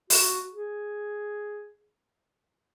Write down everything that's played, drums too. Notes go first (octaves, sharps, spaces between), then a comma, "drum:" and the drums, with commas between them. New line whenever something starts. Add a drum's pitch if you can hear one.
F#4, drum: open hi-hat
G#4